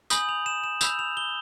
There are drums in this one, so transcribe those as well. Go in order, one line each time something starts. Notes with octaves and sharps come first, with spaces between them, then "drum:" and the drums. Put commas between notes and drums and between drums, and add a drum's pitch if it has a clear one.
G#5 B5 D#6 G6 F#7, drum: tambourine
F7
E7
E7
B5 E6 G6 F7, drum: tambourine
F7
G7